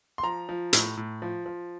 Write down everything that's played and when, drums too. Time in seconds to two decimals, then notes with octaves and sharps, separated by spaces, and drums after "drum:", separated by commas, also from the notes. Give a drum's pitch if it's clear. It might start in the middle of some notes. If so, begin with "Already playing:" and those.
0.18 C6
0.23 F3 A#5
0.49 F3
0.73 A2, drum: hi-hat
0.97 A2
1.22 F3
1.46 F3